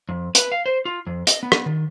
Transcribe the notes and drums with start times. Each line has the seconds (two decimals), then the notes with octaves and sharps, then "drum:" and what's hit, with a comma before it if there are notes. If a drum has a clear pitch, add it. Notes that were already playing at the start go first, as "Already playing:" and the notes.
0.09 F2
0.35 B4, drum: hi-hat
0.52 F5
0.66 C5
0.85 F4
1.07 F2
1.27 D#5, drum: hi-hat
1.43 B3
1.52 drum: rim click
1.66 D#3